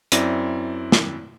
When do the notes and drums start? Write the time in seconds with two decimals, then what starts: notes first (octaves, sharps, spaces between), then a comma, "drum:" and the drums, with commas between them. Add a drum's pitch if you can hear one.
0.12 F#2 C4 E4 D5 A#6, drum: hi-hat
0.92 drum: snare